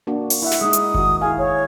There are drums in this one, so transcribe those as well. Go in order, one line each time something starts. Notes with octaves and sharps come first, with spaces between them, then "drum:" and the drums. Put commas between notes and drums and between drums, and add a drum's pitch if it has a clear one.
A#3 D4 F#4
drum: open hi-hat
E4 E5 F#5
drum: snare
G#3 D#4 D#6
drum: hi-hat
D#3 F#4, drum: kick F#1
E4 G#4 F5 G#5
C#5